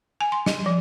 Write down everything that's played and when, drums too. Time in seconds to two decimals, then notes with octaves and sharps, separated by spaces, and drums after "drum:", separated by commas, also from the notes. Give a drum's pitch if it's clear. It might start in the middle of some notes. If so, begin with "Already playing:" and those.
0.21 G#5
0.32 C6
0.46 D#5, drum: snare
0.66 F3